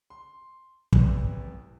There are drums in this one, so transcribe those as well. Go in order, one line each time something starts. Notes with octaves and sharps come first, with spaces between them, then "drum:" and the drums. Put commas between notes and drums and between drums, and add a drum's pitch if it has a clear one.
C6
E1 E2 C3 E3, drum: kick